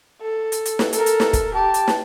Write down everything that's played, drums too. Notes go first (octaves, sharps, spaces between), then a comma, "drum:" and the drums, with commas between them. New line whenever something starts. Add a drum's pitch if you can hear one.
A4
drum: hi-hat
drum: hi-hat
drum: snare
A4 A#4, drum: hi-hat
drum: hi-hat
drum: snare
drum: kick, hi-hat
G4 A5
drum: hi-hat
drum: snare